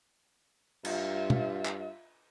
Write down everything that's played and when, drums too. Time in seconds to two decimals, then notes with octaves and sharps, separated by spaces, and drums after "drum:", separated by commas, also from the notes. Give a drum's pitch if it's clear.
0.85 G2 F4 E5, drum: cymbal
1.30 drum: tom
1.65 drum: clap